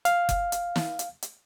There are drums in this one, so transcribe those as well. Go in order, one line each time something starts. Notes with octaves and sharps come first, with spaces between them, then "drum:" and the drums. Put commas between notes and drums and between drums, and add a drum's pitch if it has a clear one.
F5, drum: hi-hat
drum: kick F#1, hi-hat
drum: hi-hat
drum: snare
drum: hi-hat
drum: hi-hat